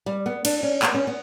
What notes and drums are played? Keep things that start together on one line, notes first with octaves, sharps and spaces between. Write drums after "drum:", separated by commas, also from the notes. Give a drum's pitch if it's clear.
G3
B3
D4, drum: cymbal
C#4
B3, drum: clap
C#4
B3